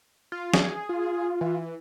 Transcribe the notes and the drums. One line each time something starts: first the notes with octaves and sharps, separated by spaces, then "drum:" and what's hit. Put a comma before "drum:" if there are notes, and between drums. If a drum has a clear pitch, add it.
F4
G#4, drum: snare
F4
E3